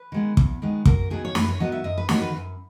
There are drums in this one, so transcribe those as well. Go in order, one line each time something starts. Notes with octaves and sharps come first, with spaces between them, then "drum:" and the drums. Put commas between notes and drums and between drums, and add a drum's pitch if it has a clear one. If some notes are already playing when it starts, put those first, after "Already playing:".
Already playing: B4
D#3 G#3 B3
E2, drum: kick
D#3 G#3 B3
F#2 A#4, drum: kick
D#3 F#3 B3 G#4
C#5
F#2 B4, drum: snare
C#5
D#3 F#3 B3 D#5
E5
F#2 D#5
B4
D#3 F#3 B3 C#5, drum: snare
B4
F#2